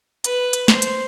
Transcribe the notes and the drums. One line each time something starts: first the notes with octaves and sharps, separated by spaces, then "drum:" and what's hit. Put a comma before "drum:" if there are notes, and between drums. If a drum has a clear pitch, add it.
B4, drum: hi-hat
drum: hi-hat
C5, drum: snare
drum: hi-hat